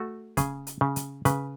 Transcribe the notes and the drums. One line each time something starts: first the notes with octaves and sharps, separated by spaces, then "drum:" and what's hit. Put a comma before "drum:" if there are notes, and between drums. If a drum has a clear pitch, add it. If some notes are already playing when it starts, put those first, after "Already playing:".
Already playing: A3 F#4
C#3 G#4, drum: kick, hi-hat
drum: hi-hat
C#3
drum: hi-hat
C#3 B4, drum: hi-hat